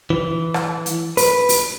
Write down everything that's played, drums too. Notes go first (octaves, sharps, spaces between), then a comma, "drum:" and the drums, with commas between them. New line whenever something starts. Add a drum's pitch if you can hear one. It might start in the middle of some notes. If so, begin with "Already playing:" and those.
E3
drum: rim click
drum: hi-hat
B4, drum: open hi-hat
drum: open hi-hat